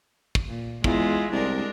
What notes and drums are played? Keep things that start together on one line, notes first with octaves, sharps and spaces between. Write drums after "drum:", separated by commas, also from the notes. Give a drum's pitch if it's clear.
drum: kick
A#2
E2 G#3 E4 F4, drum: kick
C2 G#3 D4 A#4